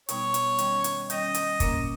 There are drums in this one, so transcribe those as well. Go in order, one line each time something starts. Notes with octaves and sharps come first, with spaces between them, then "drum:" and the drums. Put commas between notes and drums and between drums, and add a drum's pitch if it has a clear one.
B2 G3 B3 D#4 C#5, drum: hi-hat
drum: hi-hat
D#3 G3 C#4, drum: hi-hat
drum: hi-hat
D#3 G3 C#4 D#5, drum: hi-hat
drum: hi-hat
A#2 A#3 C#4, drum: kick, hi-hat